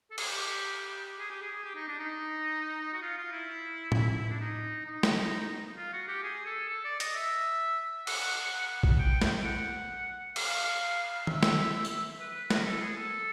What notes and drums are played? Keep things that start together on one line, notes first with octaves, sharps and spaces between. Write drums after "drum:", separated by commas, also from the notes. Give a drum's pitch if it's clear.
A4
G#4, drum: cymbal
G4
G#4
G4
G#4
G4
D#4
D4
D#4
F#4
F4
F4
E4
drum: tom A2
D4
D#4
D#4
drum: snare
F4
F#4
G4
G#4
A4
A4
D5
D#5, drum: hi-hat
E5
F#5, drum: cymbal
drum: kick A#1
G5
G5, drum: snare
F#5
F5, drum: cymbal
E5, drum: tom D#3
drum: snare
drum: tambourine
B4
B4
A#4, drum: snare
A4
G#4
A4